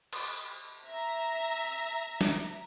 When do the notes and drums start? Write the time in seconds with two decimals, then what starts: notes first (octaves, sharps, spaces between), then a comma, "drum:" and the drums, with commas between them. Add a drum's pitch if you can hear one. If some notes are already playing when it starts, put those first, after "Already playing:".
0.13 drum: cymbal
0.86 E5 A#5
2.21 drum: snare